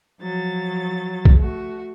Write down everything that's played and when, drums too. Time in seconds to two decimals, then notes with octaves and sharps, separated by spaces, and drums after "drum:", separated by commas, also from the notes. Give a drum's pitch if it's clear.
0.21 F3 F#3 A6
1.25 drum: kick
1.37 A3 F#4